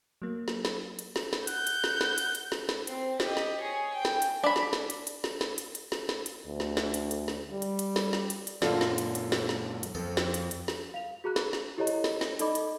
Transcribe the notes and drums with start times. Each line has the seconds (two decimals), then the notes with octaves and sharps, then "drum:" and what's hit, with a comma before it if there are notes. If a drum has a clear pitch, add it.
0.22 F#3 A#3
0.48 drum: snare
0.65 drum: snare
0.99 drum: hi-hat
1.16 drum: snare
1.33 drum: snare
1.47 F#5 G6, drum: hi-hat
1.67 drum: hi-hat
1.84 drum: snare
2.01 drum: snare
2.18 drum: hi-hat
2.35 drum: hi-hat
2.52 drum: snare
2.69 drum: snare
2.87 C4, drum: hi-hat
3.20 G4 D#5, drum: snare
3.37 drum: snare
3.60 G#4 C#5
3.94 G5
4.05 drum: snare
4.22 drum: hi-hat
4.44 D4 B5
4.56 drum: snare
4.73 drum: snare
4.90 drum: hi-hat
5.07 drum: hi-hat
5.24 drum: snare
5.41 drum: snare
5.58 drum: hi-hat
5.75 drum: hi-hat
5.92 drum: snare
6.09 drum: snare
6.26 drum: hi-hat
6.46 D2
6.60 drum: snare
6.77 drum: snare
6.94 drum: hi-hat
7.11 drum: hi-hat
7.28 drum: snare
7.52 G3
7.62 drum: hi-hat
7.79 drum: hi-hat
7.96 drum: snare
8.13 drum: snare
8.30 drum: hi-hat
8.47 drum: hi-hat
8.62 F#2 A#2 D3 F4 A4, drum: snare
8.81 drum: snare
8.98 drum: hi-hat
9.15 drum: hi-hat
9.32 drum: snare
9.49 drum: snare
9.83 drum: hi-hat
9.95 F2 A4
10.17 drum: snare
10.34 drum: hi-hat
10.51 drum: hi-hat
10.68 drum: snare
10.94 F5 F7
11.24 F#4 G#4 A#5 F#6
11.36 drum: snare
11.53 drum: snare
11.78 E4 G4 A4 C#5 D#5 A#5
11.87 drum: hi-hat
12.04 drum: snare
12.21 drum: snare
12.39 D#4 A4 D5 D#5 B5 D6, drum: hi-hat
12.55 drum: hi-hat